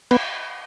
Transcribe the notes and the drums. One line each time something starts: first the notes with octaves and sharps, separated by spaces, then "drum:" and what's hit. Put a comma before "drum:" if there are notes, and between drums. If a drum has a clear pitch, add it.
B3, drum: cymbal